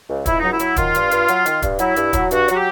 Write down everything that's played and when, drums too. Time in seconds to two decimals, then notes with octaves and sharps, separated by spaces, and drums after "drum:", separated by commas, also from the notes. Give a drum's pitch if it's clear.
0.08 C#2
0.26 C#2 E4, drum: kick, hi-hat
0.38 F#3 D#4
0.51 E4
0.59 F#3, drum: hi-hat
0.76 D#3 F4, drum: kick, hi-hat
0.95 G2, drum: hi-hat
1.11 G2, drum: hi-hat
1.28 F#3, drum: hi-hat
1.46 D#3, drum: hi-hat
1.62 G2, drum: kick, hi-hat
1.79 F#3 E4, drum: hi-hat
1.96 G2, drum: hi-hat
2.13 F#3, drum: kick, hi-hat
2.31 G2 F#4, drum: hi-hat
2.48 F#3 F#4, drum: hi-hat
2.55 G4